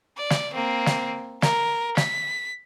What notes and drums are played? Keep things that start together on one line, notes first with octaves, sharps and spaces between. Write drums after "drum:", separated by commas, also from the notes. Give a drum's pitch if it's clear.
D5
drum: snare
A#3 C4
drum: snare
A#4, drum: snare
B6, drum: snare